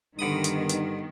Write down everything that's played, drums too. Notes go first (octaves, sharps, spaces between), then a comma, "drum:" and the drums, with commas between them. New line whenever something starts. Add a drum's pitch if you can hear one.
G2 D3 D#3 B3 B5 D#6
drum: hi-hat
drum: hi-hat